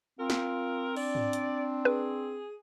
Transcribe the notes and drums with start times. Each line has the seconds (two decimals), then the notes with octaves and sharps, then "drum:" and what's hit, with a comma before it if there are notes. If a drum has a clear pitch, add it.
0.19 C4 F4 A#4
0.30 drum: snare
0.96 D4 D5, drum: cymbal
1.15 drum: tom G#2
1.33 drum: hi-hat
1.85 G#4 B4